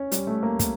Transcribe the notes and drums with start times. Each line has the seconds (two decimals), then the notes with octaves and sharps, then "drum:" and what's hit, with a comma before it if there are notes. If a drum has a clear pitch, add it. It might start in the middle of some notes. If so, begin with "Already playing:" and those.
Already playing: C#4
0.12 G3, drum: hi-hat
0.27 A3
0.43 A#3
0.59 drum: kick, hi-hat